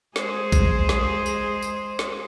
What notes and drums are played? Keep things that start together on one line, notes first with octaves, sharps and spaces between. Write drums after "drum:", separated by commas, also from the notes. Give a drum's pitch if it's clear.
G#3 G#4 C5, drum: snare
drum: kick A#1, tambourine
drum: snare
drum: tambourine
drum: tambourine
drum: snare